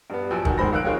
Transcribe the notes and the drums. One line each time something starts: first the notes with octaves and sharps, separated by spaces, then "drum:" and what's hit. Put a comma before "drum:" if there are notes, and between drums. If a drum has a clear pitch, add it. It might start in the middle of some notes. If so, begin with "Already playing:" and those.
G2 B3
A#1 F3 F#3 G#5 E6
D#3 F#4, drum: kick
B1 D#3 G#3 C5 B5 A#6
A#1 D#3 F5 E6 F#6 D7
C4 D#4 F4 G#4 A#4 C#5